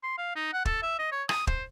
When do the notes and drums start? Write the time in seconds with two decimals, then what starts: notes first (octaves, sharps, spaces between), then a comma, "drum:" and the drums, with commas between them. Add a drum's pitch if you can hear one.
0.03 C6
0.18 F5
0.35 D#4
0.53 F#5
0.65 A4, drum: kick
0.82 E5
0.99 D#5
1.12 C#5
1.29 D#6, drum: rim click
1.47 C5, drum: kick